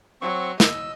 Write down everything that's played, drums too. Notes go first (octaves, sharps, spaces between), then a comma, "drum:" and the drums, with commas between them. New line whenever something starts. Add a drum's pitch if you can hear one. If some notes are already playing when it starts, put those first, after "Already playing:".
F#3 C4 C#6
D#5 E6, drum: snare